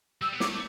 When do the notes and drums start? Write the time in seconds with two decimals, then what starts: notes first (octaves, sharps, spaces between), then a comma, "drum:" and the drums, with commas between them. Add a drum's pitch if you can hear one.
0.22 G3 E6
0.33 B3
0.40 A3 D6, drum: snare